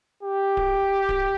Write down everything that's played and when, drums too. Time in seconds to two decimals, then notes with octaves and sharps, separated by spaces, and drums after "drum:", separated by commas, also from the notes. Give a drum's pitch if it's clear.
0.23 G4
0.57 drum: kick D1
1.09 drum: kick D1